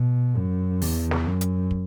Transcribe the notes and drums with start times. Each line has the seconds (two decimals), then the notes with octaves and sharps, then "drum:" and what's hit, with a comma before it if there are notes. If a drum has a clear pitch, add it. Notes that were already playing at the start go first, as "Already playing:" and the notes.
Already playing: B2
0.36 F#2
0.82 E2, drum: open hi-hat
1.11 drum: snare
1.26 F#2
1.41 drum: hi-hat
1.71 drum: kick